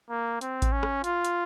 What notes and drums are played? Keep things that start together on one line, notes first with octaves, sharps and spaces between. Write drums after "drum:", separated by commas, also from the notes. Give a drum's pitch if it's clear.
A#3
C4, drum: hi-hat
drum: kick A1, hi-hat
C#4
drum: rim click
F4, drum: hi-hat
drum: hi-hat